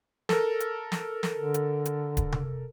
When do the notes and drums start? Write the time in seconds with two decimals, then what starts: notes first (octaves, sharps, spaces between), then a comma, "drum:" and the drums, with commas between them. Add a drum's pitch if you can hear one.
0.29 A4 A#4, drum: snare
0.60 drum: hi-hat
0.92 drum: snare
1.23 drum: snare
1.36 D3
1.54 drum: hi-hat
1.86 drum: hi-hat
2.17 drum: kick D1, hi-hat
2.32 drum: tom C3